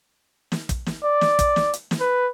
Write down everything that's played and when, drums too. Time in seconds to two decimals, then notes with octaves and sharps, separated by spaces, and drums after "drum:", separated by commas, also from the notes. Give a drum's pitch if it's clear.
0.52 drum: snare
0.69 drum: kick, hi-hat
0.86 drum: snare
1.04 D5
1.21 drum: snare
1.39 drum: kick, hi-hat
1.56 drum: snare
1.74 drum: hi-hat
1.91 drum: snare
2.00 B4